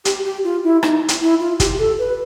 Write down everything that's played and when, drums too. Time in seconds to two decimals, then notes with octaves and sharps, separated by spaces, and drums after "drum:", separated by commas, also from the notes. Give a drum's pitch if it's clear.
0.05 G4, drum: hi-hat
0.25 G4
0.44 F4
0.64 E4
0.83 D#4, drum: rim click
1.08 drum: hi-hat
1.21 E4
1.40 F4
1.60 G4, drum: kick, hi-hat
1.79 A4
1.99 B4